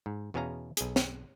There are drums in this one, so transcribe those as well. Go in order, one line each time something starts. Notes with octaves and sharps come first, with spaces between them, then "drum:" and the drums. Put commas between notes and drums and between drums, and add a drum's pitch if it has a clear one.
G#2
E2 B2 C#4 G#4 F5 A#5
B1 G#4, drum: hi-hat
drum: snare